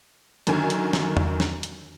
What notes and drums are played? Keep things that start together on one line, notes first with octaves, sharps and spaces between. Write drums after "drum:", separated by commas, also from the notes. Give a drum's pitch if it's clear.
F#2 D3 D#3 G#5, drum: hi-hat
drum: hi-hat
drum: snare
drum: tom E2
drum: snare
drum: hi-hat